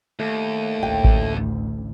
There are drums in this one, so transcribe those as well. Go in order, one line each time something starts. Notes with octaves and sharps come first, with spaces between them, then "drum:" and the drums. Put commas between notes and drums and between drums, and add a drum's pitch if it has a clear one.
D#2 A3
A1 D2 G5
drum: kick A1